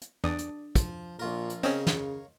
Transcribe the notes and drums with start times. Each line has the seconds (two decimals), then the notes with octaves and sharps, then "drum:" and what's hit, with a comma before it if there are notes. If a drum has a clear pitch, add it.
0.01 drum: hi-hat
0.24 E2 D4 D5 D#6
0.38 drum: hi-hat
0.76 F3, drum: kick, hi-hat
1.19 A#1 A#2 F4 A#4
1.50 drum: hi-hat
1.63 C#3 C4 C#4 A#4 C#5 D#5 F5
1.87 drum: snare